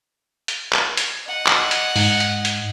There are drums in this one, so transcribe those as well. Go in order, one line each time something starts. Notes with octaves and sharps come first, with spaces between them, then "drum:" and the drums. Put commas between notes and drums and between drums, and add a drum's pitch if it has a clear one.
drum: hi-hat
drum: clap
drum: hi-hat
D#5 F#5
drum: clap
drum: hi-hat
G#2, drum: open hi-hat
drum: hi-hat
drum: hi-hat